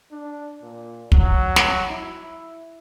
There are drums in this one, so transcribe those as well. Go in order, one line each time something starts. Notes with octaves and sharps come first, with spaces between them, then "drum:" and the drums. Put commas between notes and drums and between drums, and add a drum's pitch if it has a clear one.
D4
A#2
F#3, drum: kick
drum: snare
E4